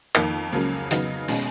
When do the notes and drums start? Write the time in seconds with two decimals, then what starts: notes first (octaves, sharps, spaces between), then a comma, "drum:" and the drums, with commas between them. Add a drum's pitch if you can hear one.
0.15 F2 D#3 A#3, drum: clap
0.53 C#2 C#3 F#3 A#3 C#4
0.91 C#3 F#3 B3 D#4, drum: hi-hat
1.28 B2 G#3 C#4, drum: open hi-hat